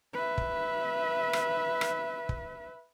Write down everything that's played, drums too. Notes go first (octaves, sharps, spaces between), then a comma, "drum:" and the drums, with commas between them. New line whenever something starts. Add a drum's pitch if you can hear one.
B4 E5
drum: kick
drum: rim click
drum: rim click
drum: kick